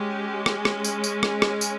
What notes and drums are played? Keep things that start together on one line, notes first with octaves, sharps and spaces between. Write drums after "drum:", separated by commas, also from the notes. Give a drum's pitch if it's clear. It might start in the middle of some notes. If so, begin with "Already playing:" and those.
Already playing: G#3 C#4 G4
drum: rim click
drum: rim click
drum: tambourine
drum: tambourine
drum: rim click
drum: rim click
drum: tambourine